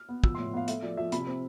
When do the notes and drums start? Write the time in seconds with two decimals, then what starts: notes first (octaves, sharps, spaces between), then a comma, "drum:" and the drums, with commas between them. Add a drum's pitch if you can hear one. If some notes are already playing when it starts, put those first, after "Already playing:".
Already playing: F6
0.09 B3
0.24 F3 E6, drum: kick
0.35 A2 C6
0.53 B3 F5
0.68 A3 E5, drum: hi-hat
0.82 F3 D5
0.97 F3 E5
1.12 C3 B5, drum: hi-hat
1.27 C4